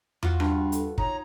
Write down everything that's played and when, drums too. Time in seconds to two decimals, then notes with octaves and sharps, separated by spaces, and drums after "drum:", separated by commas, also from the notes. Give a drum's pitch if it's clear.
0.23 F4 F#4, drum: tom E2
0.40 G2, drum: rim click
0.72 A4, drum: hi-hat
0.98 D#4 C#5 A#5, drum: kick